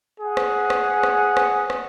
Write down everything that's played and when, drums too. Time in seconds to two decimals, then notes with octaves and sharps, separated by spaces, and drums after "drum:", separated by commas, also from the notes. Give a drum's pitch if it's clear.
0.20 G#4 F#5
0.37 drum: rim click
0.70 drum: rim click
1.03 drum: rim click
1.37 drum: rim click
1.70 drum: rim click